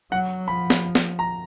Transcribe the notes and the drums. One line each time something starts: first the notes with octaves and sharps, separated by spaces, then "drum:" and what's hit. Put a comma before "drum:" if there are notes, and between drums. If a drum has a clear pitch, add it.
F#3 F#5
F3 B5
drum: snare
drum: snare
A#5